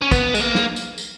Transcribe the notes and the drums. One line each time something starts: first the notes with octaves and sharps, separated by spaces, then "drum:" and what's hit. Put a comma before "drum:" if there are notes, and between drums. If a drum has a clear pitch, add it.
C#4
B3, drum: kick, tambourine
G#3, drum: tambourine
A#3
drum: snare
drum: tambourine
drum: tambourine